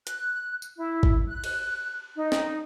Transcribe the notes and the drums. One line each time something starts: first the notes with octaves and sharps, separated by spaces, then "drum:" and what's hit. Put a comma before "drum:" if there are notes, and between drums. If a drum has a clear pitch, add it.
F#6, drum: hi-hat
drum: tambourine
E4
drum: kick G#1
F#6
drum: cymbal
D#4
drum: snare